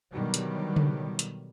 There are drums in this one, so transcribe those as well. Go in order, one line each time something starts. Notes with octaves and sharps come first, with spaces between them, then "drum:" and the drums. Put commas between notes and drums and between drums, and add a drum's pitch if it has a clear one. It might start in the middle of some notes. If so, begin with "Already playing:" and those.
B2 D3 D#3 F#3 G3
drum: hi-hat
drum: tom C#3
drum: hi-hat